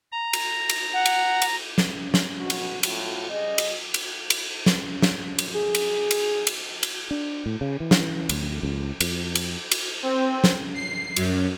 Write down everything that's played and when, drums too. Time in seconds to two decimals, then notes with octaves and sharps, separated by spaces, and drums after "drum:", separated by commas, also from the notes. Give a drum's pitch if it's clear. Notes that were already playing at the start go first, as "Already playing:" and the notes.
0.12 A#5
0.33 drum: cymbal
0.69 drum: cymbal
0.94 F#5
1.06 drum: cymbal
1.42 drum: cymbal
1.78 drum: snare
2.14 drum: snare
2.39 B2 F#4
2.50 drum: cymbal
2.83 A2 F4 F#4, drum: cymbal
3.30 C#3 G3 G#4 D#5
3.58 drum: cymbal
3.94 drum: cymbal
4.30 drum: cymbal
4.66 drum: snare
5.02 drum: snare
5.39 drum: cymbal
5.55 G#4
5.75 drum: cymbal
6.11 drum: cymbal
6.47 drum: cymbal
6.83 drum: cymbal
7.11 D4
7.46 A2
7.61 C#3
7.80 E3
7.91 drum: snare
8.29 D2, drum: cymbal
8.63 C#2
9.01 F2, drum: cymbal
9.35 drum: cymbal
9.72 drum: cymbal
10.03 C4
10.44 drum: snare
10.74 C7
11.16 F#2, drum: cymbal